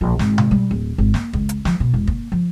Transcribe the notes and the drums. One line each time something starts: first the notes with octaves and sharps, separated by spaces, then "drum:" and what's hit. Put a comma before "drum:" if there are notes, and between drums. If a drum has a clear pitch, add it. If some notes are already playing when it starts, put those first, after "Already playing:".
A#1
G#1, drum: snare
drum: tom B2
G3
D1
G#1
A#3, drum: snare
C#2, drum: kick
drum: hi-hat
F3, drum: snare
B2
E1
A#3, drum: kick
F3